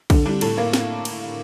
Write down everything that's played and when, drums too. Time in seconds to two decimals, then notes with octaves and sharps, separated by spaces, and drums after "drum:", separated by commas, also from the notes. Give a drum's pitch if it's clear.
0.10 D3, drum: kick, cymbal
0.26 G3 D4
0.41 A2 A4, drum: cymbal
0.58 A#3
0.73 drum: snare
1.05 drum: cymbal